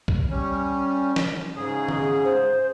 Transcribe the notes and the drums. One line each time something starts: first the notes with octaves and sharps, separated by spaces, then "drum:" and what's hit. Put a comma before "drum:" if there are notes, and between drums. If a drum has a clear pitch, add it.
drum: kick
G3 C#4
drum: snare
G#2 C#3 G#4
drum: tom D3
C5